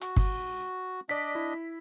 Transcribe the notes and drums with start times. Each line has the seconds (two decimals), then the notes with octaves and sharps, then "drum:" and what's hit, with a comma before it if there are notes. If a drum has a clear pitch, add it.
0.01 F#4, drum: hi-hat
0.16 drum: kick
1.09 D4 D5 D#5 B6
1.35 E4